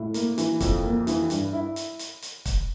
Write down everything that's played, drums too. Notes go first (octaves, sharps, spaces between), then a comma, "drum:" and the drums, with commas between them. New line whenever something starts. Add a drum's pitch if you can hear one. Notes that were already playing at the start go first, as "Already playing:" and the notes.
Already playing: A2
A#3, drum: hi-hat
E3, drum: hi-hat
F2, drum: kick, hi-hat
A#3
E3, drum: hi-hat
G2, drum: hi-hat
E4
drum: hi-hat
drum: hi-hat
drum: hi-hat
drum: kick, hi-hat